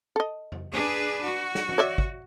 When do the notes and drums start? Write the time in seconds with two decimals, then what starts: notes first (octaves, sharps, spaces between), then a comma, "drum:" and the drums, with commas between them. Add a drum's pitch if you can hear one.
0.16 A4 D#5
0.52 drum: tom F2
0.72 D4 G#4 B4
1.23 F#4
1.55 drum: snare
1.69 drum: tom
1.78 C#5 D5 E5
1.98 drum: kick